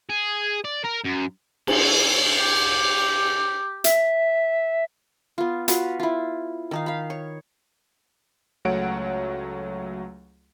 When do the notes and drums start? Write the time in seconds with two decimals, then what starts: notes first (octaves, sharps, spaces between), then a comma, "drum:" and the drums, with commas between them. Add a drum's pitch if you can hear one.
0.09 G#4
0.65 D5
0.85 A#4
1.05 F#2
1.67 drum: cymbal
2.39 G4
3.84 E5, drum: hi-hat
5.38 B3 F4
5.68 F4 F#4 B4 F5, drum: hi-hat
6.00 E4 F4
6.71 D#3 D#4 F5
6.86 F5 B5
7.10 C#5
8.65 C#2 F#3 A3 C#5 F#5 D7